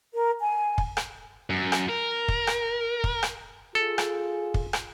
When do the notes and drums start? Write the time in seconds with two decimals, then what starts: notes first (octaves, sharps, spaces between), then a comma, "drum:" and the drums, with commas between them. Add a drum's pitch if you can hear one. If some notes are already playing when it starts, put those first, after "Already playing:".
0.14 A#4
0.40 G#5
0.78 drum: kick
0.97 drum: rim click
1.50 F#2
1.72 drum: rim click
1.89 A#4
2.28 drum: kick
2.47 drum: rim click
3.04 drum: kick
3.23 drum: rim click
3.75 F4 G#4 A4
3.98 drum: rim click
4.54 drum: kick
4.73 drum: rim click